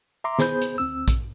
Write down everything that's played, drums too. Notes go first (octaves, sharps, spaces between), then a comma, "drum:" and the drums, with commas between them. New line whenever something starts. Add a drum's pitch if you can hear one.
E5 A#5 C6 D6
B3 G#4 C5 B5 G6, drum: snare
drum: hi-hat
D2 C4 E6
drum: kick A#1, hi-hat